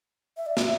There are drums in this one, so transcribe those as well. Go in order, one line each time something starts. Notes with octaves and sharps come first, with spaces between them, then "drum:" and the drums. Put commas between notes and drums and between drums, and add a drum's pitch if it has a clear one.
E5
D5
E5, drum: snare